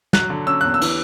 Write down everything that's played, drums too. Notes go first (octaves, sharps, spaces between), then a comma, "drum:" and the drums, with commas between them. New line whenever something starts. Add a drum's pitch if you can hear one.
F#3 F#6, drum: snare
D3
C#4 E6
E2 F#6
E6
E3, drum: cymbal